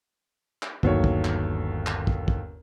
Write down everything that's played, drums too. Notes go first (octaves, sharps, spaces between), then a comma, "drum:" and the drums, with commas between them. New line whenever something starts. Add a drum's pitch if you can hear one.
drum: clap
G1 D#2 F#3 C#5, drum: kick
drum: kick
drum: clap
drum: clap
drum: kick
drum: kick